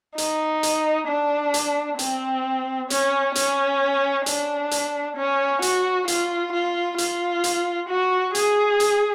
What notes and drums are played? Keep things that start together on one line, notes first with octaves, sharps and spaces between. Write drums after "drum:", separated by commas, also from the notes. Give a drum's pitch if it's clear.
D#4, drum: hi-hat
drum: hi-hat
D4
drum: hi-hat
C4, drum: hi-hat
C#4, drum: hi-hat
C#4, drum: hi-hat
D4, drum: hi-hat
drum: hi-hat
C#4
F#4, drum: hi-hat
F4, drum: hi-hat
F4
F4, drum: hi-hat
drum: hi-hat
F#4
G#4, drum: hi-hat
drum: hi-hat